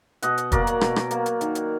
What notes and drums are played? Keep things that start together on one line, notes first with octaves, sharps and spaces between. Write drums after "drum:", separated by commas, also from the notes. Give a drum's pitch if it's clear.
B2 D#5 F#5, drum: hi-hat
drum: hi-hat
F#3 A#3 A#4 D5, drum: kick, hi-hat
drum: hi-hat
B2, drum: rim click
drum: rim click
A#3, drum: hi-hat
drum: hi-hat
D#3, drum: hi-hat
drum: hi-hat